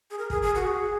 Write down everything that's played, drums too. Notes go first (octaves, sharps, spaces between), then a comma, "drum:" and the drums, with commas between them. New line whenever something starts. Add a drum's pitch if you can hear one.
G#4
A#4
G#4, drum: kick
G#4
F#4
G#4